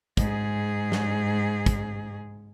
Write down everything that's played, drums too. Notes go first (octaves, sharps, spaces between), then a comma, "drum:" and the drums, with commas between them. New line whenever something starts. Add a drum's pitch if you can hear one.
G#2 G#4, drum: kick, hi-hat
drum: snare
drum: kick, hi-hat